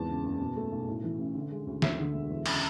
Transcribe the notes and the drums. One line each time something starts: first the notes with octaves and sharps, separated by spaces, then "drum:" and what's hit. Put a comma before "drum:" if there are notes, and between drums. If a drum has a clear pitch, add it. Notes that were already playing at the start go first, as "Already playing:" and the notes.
Already playing: G#1 E2 A5
C#3
F#1
B2
A3
B1
A2
E3
A1
D3
G#3
D2
D2 E5, drum: snare
D3
E1
E2
C#3, drum: cymbal